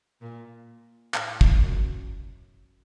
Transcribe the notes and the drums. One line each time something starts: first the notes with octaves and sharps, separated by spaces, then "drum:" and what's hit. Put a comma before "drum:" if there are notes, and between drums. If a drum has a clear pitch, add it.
A#2
A2, drum: clap
drum: kick
F#2